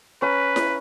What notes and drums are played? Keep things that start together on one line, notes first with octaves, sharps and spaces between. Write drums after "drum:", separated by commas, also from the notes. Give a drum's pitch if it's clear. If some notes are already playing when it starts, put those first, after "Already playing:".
C#4 B4 A#5
drum: snare E4